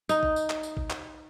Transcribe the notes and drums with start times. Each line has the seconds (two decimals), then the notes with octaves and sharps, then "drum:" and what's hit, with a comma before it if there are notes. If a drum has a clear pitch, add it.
0.09 D#4, drum: tambourine
0.23 drum: kick G#1
0.36 drum: tambourine
0.50 drum: clap
0.63 drum: tambourine
0.77 drum: kick G#1
0.90 drum: clap